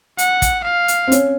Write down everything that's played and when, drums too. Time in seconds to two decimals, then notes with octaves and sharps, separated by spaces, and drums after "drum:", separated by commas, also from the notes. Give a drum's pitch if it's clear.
0.18 F#5, drum: hi-hat
0.42 drum: kick, hi-hat
0.65 F5
0.88 drum: hi-hat
1.08 C4
1.12 C#4, drum: hi-hat